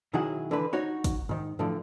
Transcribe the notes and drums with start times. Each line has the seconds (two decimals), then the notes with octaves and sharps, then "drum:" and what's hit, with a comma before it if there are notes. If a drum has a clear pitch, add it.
0.13 B1 D#3 F#3 E4 G#4 F#5
0.51 D3 E3 B4
0.73 D#4 F#4 C#5
1.04 drum: kick, hi-hat
1.29 G#2 D#3
1.59 A2 D3 E3 F3